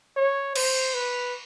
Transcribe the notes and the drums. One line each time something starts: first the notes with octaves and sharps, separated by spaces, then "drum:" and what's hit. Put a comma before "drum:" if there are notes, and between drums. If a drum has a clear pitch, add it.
C#5
C5, drum: cymbal
B4